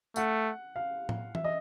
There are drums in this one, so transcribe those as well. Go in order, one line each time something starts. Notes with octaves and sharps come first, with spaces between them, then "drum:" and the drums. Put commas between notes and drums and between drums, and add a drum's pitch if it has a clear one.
A3 F#5, drum: tambourine
F5
drum: tom A2
E5, drum: tom E3
D#5